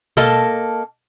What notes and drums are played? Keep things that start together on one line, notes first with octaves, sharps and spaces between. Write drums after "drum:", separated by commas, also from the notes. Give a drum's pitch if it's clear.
A#3 A4 D#5 A5, drum: tom B2